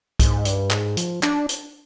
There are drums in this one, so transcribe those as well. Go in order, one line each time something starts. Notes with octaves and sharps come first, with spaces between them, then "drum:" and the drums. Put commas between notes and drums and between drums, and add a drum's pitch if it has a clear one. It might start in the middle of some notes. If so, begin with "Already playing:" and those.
G#2, drum: kick C2, hi-hat
G2, drum: hi-hat
G#2, drum: clap
F3, drum: hi-hat
D4, drum: clap
drum: hi-hat